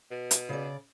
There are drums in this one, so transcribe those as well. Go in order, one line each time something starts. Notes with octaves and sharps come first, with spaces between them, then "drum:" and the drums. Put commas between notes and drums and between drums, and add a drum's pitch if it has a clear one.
B2
drum: hi-hat
C#3 D5